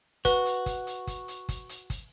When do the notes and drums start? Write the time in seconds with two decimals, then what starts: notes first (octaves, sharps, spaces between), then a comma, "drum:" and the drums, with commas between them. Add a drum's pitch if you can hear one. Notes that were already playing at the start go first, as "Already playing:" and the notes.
0.25 F#4 B4, drum: kick, hi-hat
0.46 drum: hi-hat
0.66 drum: kick, hi-hat
0.87 drum: hi-hat
1.07 drum: kick, hi-hat
1.28 drum: hi-hat
1.49 drum: kick, hi-hat
1.69 drum: hi-hat
1.90 drum: kick, hi-hat